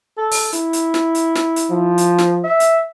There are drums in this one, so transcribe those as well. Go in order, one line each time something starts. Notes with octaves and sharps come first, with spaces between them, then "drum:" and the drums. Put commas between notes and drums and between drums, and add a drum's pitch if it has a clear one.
A4
drum: open hi-hat
E4, drum: hi-hat
drum: hi-hat
drum: snare
drum: hi-hat
drum: snare
drum: hi-hat
F3
drum: hi-hat
drum: snare
E5
drum: hi-hat